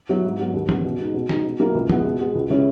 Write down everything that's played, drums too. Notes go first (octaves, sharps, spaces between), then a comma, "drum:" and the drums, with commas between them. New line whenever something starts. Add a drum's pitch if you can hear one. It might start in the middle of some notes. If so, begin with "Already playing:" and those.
F#3 B3 E4
G#2
F#3 B3
D#2
C#3 E3 B3, drum: tom
B2
G#3 D#4
B2
G#3 D#4, drum: snare
B2
F#3 A#3 E4
C#2
B2 G#3 B3 E4, drum: tom
B2
G#3 B3
C#2
C#3 G#3 C#4 E4